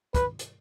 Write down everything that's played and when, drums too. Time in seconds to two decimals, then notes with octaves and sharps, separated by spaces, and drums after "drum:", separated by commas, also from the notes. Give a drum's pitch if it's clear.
0.14 B4, drum: kick, hi-hat
0.39 drum: hi-hat